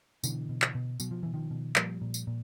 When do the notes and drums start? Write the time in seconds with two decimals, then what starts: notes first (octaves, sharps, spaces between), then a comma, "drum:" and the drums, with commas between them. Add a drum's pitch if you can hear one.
0.24 B2 D3 E3, drum: tambourine
0.49 B2
0.62 drum: clap
0.75 B2
1.00 B2 F#3, drum: tambourine
1.11 F3
1.23 B2 E3
1.34 D#3 F3
1.51 B2
1.76 A#2 F3 G3, drum: clap
2.01 A#2
2.14 drum: tambourine
2.27 A#2